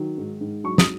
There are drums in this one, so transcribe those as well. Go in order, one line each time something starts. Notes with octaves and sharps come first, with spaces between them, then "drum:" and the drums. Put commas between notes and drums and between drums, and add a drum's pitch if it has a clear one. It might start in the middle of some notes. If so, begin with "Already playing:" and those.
Already playing: D#3 F#3
G#2
G#2
F#3 C#6
D#6, drum: snare